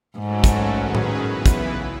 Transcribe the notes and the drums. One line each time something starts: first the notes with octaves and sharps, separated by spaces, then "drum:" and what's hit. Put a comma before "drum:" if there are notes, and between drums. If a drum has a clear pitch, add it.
G#2 F#3 A3 C#4 F#4 A4
drum: kick, hi-hat
D#3 F#3 C#4 G#4 B4
drum: tom A2
C#3 E3 B3 E4 B4
drum: kick, hi-hat